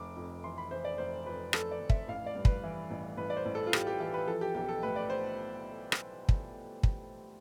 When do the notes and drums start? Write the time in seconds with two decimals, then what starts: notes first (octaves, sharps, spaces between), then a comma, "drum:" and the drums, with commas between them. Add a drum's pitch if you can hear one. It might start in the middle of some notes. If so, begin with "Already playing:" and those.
Already playing: F1 D6
0.16 F2
0.44 E3 C6
0.58 B5
0.71 E3 C5
0.85 D5
0.98 F1 C5
1.26 F2 B4
1.53 F1 A4, drum: rim click
1.71 D5
1.80 F1
1.90 E5, drum: kick
2.08 A1 F5
2.26 D5
2.36 G2
2.45 B4, drum: kick
2.63 E3
2.91 A1
3.17 A1 B4
3.30 D5
3.37 C5
3.46 A1
3.55 A4
3.67 F4
3.73 A1 G4, drum: rim click
3.87 G4
4.00 E3 G4
4.14 B4
4.27 F3 A4
4.41 G4
4.55 B1 G4
4.68 A4
4.83 A2 B4
4.96 D5
5.10 C5
5.92 drum: rim click
6.29 drum: kick
6.83 drum: kick